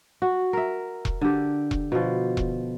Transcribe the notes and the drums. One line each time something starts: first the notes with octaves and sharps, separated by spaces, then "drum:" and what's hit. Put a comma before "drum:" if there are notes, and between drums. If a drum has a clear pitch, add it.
F#4
A#4 E5
drum: kick E1
D3 G4
drum: kick E1
B2 F3
drum: kick E1